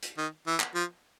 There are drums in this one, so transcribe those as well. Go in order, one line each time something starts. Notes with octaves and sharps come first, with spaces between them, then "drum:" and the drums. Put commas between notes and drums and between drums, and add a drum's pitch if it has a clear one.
drum: hi-hat
D#3
E3
drum: clap
F3